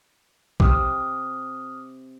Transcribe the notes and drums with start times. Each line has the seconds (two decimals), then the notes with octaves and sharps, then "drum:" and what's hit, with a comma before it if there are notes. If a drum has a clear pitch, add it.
0.60 C3 D6 D#6 F6, drum: kick